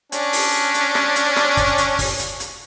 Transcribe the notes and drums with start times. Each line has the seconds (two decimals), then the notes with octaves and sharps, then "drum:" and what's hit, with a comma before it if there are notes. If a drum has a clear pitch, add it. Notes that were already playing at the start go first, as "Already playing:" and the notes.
0.12 C#4 D4, drum: hi-hat
0.33 drum: open hi-hat
0.74 drum: hi-hat
0.95 drum: snare
1.16 drum: hi-hat
1.36 drum: snare
1.57 drum: kick, hi-hat
1.78 drum: hi-hat
1.99 drum: kick, open hi-hat
2.19 drum: hi-hat
2.40 drum: hi-hat